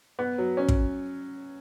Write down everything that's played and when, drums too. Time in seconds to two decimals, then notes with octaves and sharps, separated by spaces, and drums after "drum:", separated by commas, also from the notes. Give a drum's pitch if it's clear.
0.19 B3
0.38 F#3
0.57 C#4
0.69 drum: kick